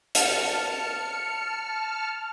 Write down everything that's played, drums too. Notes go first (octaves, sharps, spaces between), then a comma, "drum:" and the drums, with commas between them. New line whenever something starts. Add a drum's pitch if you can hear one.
A5 F6 C#7, drum: hi-hat